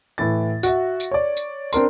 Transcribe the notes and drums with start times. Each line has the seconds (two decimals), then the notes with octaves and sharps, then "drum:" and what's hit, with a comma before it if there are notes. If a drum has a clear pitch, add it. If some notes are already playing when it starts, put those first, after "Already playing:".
0.18 A2 E3 A6
0.63 F#4 E5, drum: tambourine
1.00 drum: tambourine
1.11 C#5 D5
1.37 drum: tambourine
1.73 C4 D4 A#4 C6, drum: tambourine